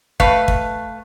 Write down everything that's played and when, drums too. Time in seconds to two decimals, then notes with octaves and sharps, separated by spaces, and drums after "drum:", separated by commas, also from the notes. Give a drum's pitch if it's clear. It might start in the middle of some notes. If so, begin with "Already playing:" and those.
0.20 A3 B4 F5, drum: kick
0.48 drum: kick